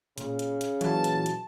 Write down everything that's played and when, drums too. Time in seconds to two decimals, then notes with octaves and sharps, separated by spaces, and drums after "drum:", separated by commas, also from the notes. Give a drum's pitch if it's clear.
0.18 A#2 C#3, drum: hi-hat
0.39 drum: hi-hat
0.61 drum: hi-hat
0.81 A#2 E3 F#3 A5, drum: hi-hat
1.04 drum: hi-hat
1.26 drum: hi-hat